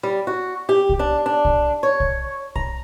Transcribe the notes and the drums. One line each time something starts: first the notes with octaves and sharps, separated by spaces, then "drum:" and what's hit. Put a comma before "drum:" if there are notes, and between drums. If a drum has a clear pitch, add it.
G3
F#4
G4
drum: kick
D4
D4
drum: kick
C#5
drum: kick
A#5, drum: kick